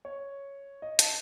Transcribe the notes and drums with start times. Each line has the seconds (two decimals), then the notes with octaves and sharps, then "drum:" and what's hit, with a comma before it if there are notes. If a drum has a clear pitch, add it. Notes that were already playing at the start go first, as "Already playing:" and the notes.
0.05 C#5
0.82 D#5
0.99 A5, drum: hi-hat